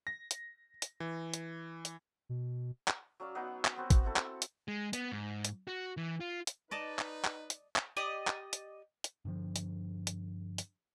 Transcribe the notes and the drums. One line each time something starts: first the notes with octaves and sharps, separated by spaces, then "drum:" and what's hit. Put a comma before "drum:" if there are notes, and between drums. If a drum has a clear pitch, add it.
A#6
drum: hi-hat
drum: hi-hat
E3
drum: hi-hat
drum: hi-hat
B2
drum: clap
F#3 C#4 D5 F5
F#3 B3 D#4 F#5
drum: clap
B3 C4 F#4 A#4
drum: kick, hi-hat
C4 E4 A4
drum: clap
drum: hi-hat
G#3
B3, drum: hi-hat
G#2
drum: hi-hat
F#4
E3
F4
drum: hi-hat
D#4 B4 D5 D#5 A5
drum: clap
drum: clap
drum: hi-hat
drum: clap
G4 D5 D#5
drum: clap
drum: hi-hat
drum: hi-hat
G2 D3 F3
drum: hi-hat
drum: hi-hat
drum: hi-hat